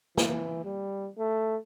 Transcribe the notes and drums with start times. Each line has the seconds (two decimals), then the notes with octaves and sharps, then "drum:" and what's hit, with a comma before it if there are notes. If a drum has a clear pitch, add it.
0.17 E3, drum: snare
0.65 G3
1.19 A3